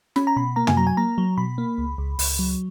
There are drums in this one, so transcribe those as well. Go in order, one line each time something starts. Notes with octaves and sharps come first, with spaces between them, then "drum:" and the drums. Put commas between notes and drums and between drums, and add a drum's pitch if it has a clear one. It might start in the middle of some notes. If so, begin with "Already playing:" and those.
C#4 B5, drum: snare
A#5
B2 B5
A#3 A#5
G#5, drum: tom
F#3 A#5
G#5
A#3 A#5
F#3
B2 B5
A#3
C#2
C#2
C#2, drum: open hi-hat
F#3